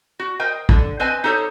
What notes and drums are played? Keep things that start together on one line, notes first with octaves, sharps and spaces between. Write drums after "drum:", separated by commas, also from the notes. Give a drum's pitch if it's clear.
F#4
A#4 C5 D#5 G5
D3, drum: kick
C4 B4 C5 D#5 G#5
D#4 G4 A4 C5 C#5